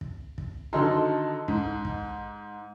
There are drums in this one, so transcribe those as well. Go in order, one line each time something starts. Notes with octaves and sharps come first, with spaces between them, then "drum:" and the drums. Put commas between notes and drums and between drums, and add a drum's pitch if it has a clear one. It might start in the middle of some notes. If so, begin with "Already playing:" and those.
drum: kick
drum: kick
D3 D#3 F#3 A4 D#5 C6
G#2, drum: kick
drum: kick